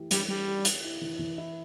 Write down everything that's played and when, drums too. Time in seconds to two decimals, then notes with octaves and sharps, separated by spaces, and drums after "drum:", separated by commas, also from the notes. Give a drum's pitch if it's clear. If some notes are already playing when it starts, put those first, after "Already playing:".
Already playing: E3 A3 E4 G4
0.11 E3 G3, drum: hi-hat
0.29 G3 G4
0.48 G4
0.65 G4, drum: hi-hat
0.84 E4
1.02 E3
1.19 E3
1.38 E4